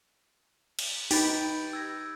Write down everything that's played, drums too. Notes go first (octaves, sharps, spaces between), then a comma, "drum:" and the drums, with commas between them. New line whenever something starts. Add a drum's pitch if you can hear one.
drum: cymbal
D#4 G4 B4 G6 A6 D7, drum: open hi-hat
E6 G#6 A#6